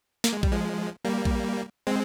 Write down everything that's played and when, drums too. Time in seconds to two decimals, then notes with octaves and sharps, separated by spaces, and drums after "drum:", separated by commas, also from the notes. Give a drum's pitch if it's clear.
0.24 A#3, drum: snare
0.33 G#3
0.43 G3, drum: kick A#1
0.52 F3 G#3
1.05 G3 A#3
1.25 drum: kick A#1
1.87 G#3 C4